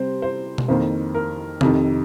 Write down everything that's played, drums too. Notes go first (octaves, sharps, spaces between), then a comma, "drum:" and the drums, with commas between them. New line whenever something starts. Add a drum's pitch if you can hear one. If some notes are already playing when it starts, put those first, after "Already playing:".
Already playing: C3 G3 C4 C5
C5
drum: tom B2
F2 D#3 A#3 C5
A#4
F2 C3 D#3, drum: tom C3